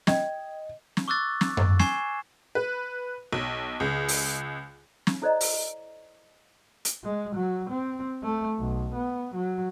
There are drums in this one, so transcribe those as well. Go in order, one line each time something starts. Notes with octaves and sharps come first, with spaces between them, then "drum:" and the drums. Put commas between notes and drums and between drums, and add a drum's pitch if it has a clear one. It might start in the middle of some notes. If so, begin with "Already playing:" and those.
D#5 G5 G#6, drum: snare
drum: snare
C#6 D6 E6 F#6 A6
drum: snare
drum: tom F#2
G#5 C#6 G#6 C7 E7, drum: snare
B4
B1
C#2
drum: open hi-hat
drum: snare
E4 A4 C5 D5 D#5 A#5
drum: open hi-hat
drum: hi-hat
G#3
F#3
C4
A3
B1
B3
F#3